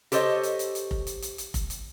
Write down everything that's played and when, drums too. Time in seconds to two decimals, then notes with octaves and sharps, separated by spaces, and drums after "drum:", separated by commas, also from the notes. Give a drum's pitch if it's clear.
0.12 G4 A4 C5 C#5 D#5, drum: hi-hat
0.43 drum: hi-hat
0.59 drum: hi-hat
0.75 drum: hi-hat
0.91 drum: kick F1
1.07 drum: hi-hat
1.22 drum: hi-hat
1.38 drum: hi-hat
1.54 drum: kick F1, hi-hat
1.70 drum: hi-hat